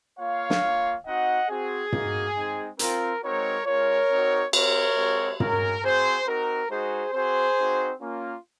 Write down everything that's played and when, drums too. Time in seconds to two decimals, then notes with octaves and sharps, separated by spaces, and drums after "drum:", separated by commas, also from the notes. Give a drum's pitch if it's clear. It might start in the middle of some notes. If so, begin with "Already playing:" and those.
0.19 A#3 F4 C#5 F5
0.50 drum: snare
0.62 A#3 F4
1.06 C4 D#4 F#4 D#5 F#5
1.49 C4 F#4 G#4
1.92 A#3 D#4 F#4, drum: tom
2.36 G#3 C4 D#4
2.79 C4 F4 A#4, drum: hi-hat
3.23 G#3 C4 D#4 F#4 A#4 C#5
3.66 G#3 C#4 F4 A#4 C#5
4.10 C4 D#4 F#4
4.53 C4 F#4 A#4 C#5, drum: cymbal
4.97 G#3 C4 F#4
5.40 G#3 C#4 F#4 A#4, drum: tom
5.84 C4 F#4 G#4 C5
6.27 C4 D#4 F#4 A#4
6.71 G#3 D#4 F#4 G#4 C5
7.14 C4 F#4 G#4 C5
7.58 C4 D#4 F#4
8.01 A#3 C#4 F4